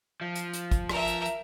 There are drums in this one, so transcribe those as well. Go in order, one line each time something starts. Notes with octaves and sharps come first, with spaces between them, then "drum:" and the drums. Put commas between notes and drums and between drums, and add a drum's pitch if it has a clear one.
F3
drum: hi-hat
drum: hi-hat
drum: kick G#1, hi-hat
A#4 E5, drum: rim click
drum: hi-hat
drum: hi-hat